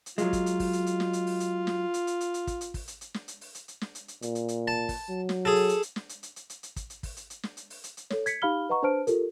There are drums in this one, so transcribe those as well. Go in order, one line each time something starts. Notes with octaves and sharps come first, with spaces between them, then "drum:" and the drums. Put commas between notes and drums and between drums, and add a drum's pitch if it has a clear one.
drum: hi-hat
F#3 G#3 F4, drum: hi-hat
drum: kick, hi-hat
drum: hi-hat
drum: kick, open hi-hat
drum: hi-hat
drum: hi-hat
drum: snare
drum: hi-hat
drum: open hi-hat
drum: hi-hat
drum: snare
drum: hi-hat
drum: hi-hat
drum: hi-hat
drum: hi-hat
drum: kick, hi-hat
drum: hi-hat
drum: kick, open hi-hat
drum: hi-hat
drum: hi-hat
drum: snare
drum: hi-hat
drum: open hi-hat
drum: hi-hat
drum: hi-hat
drum: snare
drum: hi-hat
drum: hi-hat
A#2, drum: hi-hat
drum: hi-hat
drum: hi-hat
A5
drum: kick, open hi-hat
F#3
drum: snare
G#4 A4
drum: open hi-hat
drum: hi-hat
drum: hi-hat
drum: snare
drum: hi-hat
drum: hi-hat
drum: hi-hat
drum: hi-hat
drum: hi-hat
drum: kick, hi-hat
drum: hi-hat
drum: kick, open hi-hat
drum: hi-hat
drum: hi-hat
drum: snare
drum: hi-hat
drum: open hi-hat
drum: hi-hat
drum: hi-hat
A4 C#5, drum: snare
G#6 B6 C#7, drum: hi-hat
D#4 G4 F5 B5 F6 G7
B4 D#5 F#5 A#5 C#6
D4 B4 C5 A5 F6 D7
F4 G4 A4 A#4, drum: hi-hat